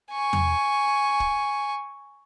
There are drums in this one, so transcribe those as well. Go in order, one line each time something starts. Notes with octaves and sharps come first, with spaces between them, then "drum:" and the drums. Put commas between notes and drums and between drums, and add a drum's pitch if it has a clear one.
G#5 C#6
drum: tom E2
drum: kick